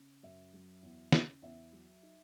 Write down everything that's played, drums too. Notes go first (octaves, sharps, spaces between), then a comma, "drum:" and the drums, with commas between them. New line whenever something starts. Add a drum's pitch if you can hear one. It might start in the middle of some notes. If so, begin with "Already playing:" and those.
Already playing: C#3
F#2 E5
F#3
E2
C#3, drum: snare
E2 E5
F#3
D#4